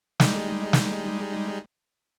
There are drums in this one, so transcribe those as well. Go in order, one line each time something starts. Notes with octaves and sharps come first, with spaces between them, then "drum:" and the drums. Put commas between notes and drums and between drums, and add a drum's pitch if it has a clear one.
G3 G#3 D#4, drum: snare
drum: snare